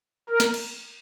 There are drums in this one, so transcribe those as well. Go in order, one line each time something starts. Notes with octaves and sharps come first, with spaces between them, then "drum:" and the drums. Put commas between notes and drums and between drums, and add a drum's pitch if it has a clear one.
A#4
drum: snare
drum: cymbal